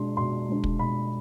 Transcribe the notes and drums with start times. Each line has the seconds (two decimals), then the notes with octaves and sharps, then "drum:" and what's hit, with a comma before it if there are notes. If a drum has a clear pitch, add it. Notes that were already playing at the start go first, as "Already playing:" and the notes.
Already playing: B2 G#3 D4 C6
0.17 B2 C6
0.48 G#3 D4
0.64 drum: kick
0.79 B2 B5